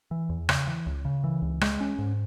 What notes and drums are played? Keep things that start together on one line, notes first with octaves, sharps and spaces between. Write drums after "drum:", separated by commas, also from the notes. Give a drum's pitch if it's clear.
E3
E2
C#3, drum: rim click
E3
C#2
C#3
E3
C#2
G#3, drum: rim click
C#4
G#2